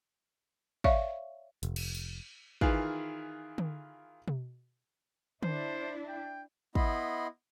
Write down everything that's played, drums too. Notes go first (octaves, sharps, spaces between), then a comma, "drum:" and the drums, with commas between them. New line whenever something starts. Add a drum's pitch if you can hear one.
C#5 D5 E5 F5 C#6, drum: kick
F1, drum: hi-hat
drum: cymbal
drum: tambourine
D#3 E3 F4 G#4 B4 F5, drum: kick
drum: tom D3
drum: tom B2
D4 E4 C5, drum: tom D3
G5
B3 E4 D#5 B5 C6, drum: kick